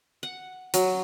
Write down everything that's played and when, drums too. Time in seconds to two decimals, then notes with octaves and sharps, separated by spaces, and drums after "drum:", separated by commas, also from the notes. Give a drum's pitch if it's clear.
0.23 F#5
0.74 F#3, drum: hi-hat